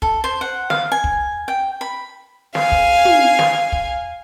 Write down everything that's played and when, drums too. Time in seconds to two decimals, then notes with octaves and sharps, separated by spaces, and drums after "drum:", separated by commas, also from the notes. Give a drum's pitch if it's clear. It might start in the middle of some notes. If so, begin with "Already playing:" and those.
0.02 A4, drum: kick
0.24 C5
0.41 F#5
0.70 F5, drum: snare
0.92 G#5
1.04 drum: kick
1.48 G5
1.81 B5
2.55 F5 G#5, drum: snare
2.72 drum: kick
3.05 drum: tom
3.39 drum: snare
3.72 drum: kick